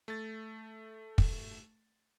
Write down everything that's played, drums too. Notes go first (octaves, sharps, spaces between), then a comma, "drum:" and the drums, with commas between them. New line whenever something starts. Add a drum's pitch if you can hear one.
A3 A6
drum: kick